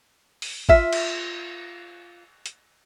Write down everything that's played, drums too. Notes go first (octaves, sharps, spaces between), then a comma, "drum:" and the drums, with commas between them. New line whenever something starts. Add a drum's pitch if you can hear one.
drum: open hi-hat
F4 E5, drum: kick G#1
drum: cymbal
drum: hi-hat